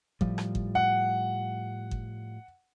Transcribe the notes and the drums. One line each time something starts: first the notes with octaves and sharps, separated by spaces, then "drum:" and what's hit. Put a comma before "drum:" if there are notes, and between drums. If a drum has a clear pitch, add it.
A2 F3 G3, drum: kick G1
drum: rim click
drum: kick G1
F#5
drum: kick G1